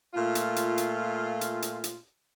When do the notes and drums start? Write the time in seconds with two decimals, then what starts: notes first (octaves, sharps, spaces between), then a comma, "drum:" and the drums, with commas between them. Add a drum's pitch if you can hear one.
0.14 A#2 A3 F4
0.35 drum: hi-hat
0.56 drum: hi-hat
0.78 drum: hi-hat
1.41 drum: hi-hat
1.62 drum: hi-hat
1.84 drum: hi-hat